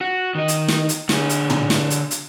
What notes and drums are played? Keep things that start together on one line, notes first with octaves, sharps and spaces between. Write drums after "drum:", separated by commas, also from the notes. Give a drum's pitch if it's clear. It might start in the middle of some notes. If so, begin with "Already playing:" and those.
F#4
D#3 D#4
drum: hi-hat
drum: snare
drum: hi-hat
D3 G#4, drum: snare
drum: hi-hat
drum: tom
drum: snare
drum: hi-hat
drum: hi-hat